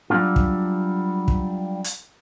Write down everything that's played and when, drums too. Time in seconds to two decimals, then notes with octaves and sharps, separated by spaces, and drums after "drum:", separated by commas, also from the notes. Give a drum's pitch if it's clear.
0.10 F#3 G3 C#4 D4 F4
0.36 drum: kick
1.28 drum: kick
1.84 drum: hi-hat